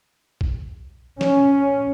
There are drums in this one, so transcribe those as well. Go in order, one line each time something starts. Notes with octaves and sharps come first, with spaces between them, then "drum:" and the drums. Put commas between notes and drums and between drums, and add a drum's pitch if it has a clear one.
drum: kick A#1
C#4, drum: snare